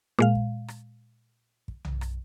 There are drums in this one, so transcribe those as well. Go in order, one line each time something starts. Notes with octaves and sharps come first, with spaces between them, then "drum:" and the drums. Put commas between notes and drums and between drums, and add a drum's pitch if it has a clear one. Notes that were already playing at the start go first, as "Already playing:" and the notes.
A#2 G#3 F5
drum: kick
drum: rim click
drum: kick
drum: tom B1
drum: rim click